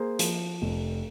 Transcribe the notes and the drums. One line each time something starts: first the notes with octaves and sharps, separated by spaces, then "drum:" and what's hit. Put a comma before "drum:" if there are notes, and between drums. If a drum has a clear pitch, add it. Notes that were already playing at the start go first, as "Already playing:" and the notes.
Already playing: A#3 G#4 C5
F3, drum: hi-hat
F1